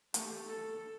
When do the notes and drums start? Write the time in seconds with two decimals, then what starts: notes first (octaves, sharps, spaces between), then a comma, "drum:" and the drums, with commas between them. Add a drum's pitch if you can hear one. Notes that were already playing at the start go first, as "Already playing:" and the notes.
0.14 A3 G4, drum: hi-hat
0.47 A4